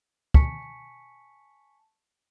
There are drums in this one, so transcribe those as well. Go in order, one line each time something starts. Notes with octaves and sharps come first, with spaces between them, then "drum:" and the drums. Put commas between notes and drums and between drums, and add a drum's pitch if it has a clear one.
G#5 A5 C#6 B6 C#7, drum: kick